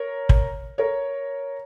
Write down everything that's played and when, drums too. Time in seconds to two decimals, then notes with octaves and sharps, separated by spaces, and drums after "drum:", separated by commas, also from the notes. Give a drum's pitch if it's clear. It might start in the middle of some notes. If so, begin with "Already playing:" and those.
Already playing: A#4 C#5
0.29 drum: kick
0.78 A#4 C#5